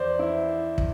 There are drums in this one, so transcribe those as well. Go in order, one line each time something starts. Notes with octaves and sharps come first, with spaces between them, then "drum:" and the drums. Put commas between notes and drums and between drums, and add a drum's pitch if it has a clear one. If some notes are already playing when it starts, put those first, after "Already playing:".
Already playing: E2 C5 D5
E4
drum: kick